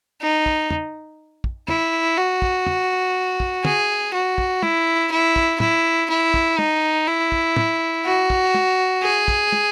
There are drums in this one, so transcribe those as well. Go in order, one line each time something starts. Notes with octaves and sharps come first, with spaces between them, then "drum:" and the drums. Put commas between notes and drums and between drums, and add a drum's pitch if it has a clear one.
D#4
drum: kick
drum: tom
drum: kick
E4, drum: tom
F#4
drum: kick
drum: tom
drum: kick
G#4, drum: tom
F#4
drum: kick
E4, drum: tom
E4
drum: kick
E4, drum: tom
E4
drum: kick
D#4, drum: tom
E4
drum: kick
drum: tom
F#4
drum: kick
drum: tom
G#4
drum: kick
drum: tom